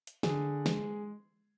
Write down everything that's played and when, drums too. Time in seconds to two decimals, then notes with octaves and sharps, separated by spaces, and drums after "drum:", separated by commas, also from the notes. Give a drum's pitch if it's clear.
0.07 drum: hi-hat
0.23 D3 G#4, drum: snare
0.66 G#3, drum: snare